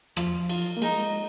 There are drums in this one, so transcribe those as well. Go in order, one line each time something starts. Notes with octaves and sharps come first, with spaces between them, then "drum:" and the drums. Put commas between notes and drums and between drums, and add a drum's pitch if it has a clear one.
F3 F4, drum: rim click
F4, drum: cymbal
A#3
G#3 D#4, drum: cymbal